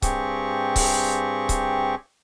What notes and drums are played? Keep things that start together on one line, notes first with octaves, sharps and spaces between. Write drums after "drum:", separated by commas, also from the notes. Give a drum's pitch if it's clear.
G2 C4 G4 G#4 C#6, drum: kick C#1, hi-hat
drum: kick C#1, open hi-hat
drum: kick C#1, hi-hat